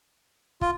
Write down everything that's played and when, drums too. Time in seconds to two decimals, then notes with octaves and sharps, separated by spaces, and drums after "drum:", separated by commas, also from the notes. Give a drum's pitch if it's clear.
0.61 F4, drum: kick